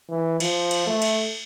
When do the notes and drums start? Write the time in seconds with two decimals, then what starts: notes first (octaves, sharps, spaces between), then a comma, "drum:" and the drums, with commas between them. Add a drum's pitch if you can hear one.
0.09 E3
0.40 F3, drum: cymbal
0.71 drum: cymbal
0.87 A3
1.02 drum: cymbal